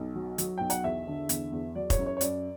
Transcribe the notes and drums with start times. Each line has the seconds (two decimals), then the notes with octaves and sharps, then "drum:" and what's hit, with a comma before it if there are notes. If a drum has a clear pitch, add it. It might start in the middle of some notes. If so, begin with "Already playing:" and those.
Already playing: B1
0.16 F#3
0.38 F#3, drum: hi-hat
0.58 B1 G5
0.70 F#5, drum: hi-hat
0.83 E2 E5
1.07 D3
1.29 E2, drum: hi-hat
1.52 E2
1.75 F#3 D5
1.90 C#5, drum: kick F1, hi-hat
1.99 F#2
2.06 C#5
2.17 C#5
2.21 F#2 D5, drum: hi-hat